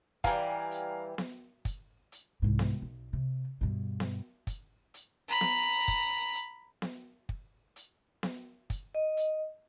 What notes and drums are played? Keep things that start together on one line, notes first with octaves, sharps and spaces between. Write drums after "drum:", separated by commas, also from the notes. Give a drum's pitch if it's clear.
E3 G3 F5 G#5 A#5, drum: kick, hi-hat
drum: hi-hat
drum: snare B3
drum: kick, hi-hat
drum: hi-hat
C2 G#2
drum: snare B3
B1
C3
G2 B2
drum: snare B3
drum: kick, hi-hat
drum: hi-hat
A#5 B5
drum: snare B3
drum: kick, hi-hat
drum: hi-hat
drum: snare B3
drum: kick
drum: hi-hat
drum: snare B3
drum: kick, hi-hat
D#5
drum: hi-hat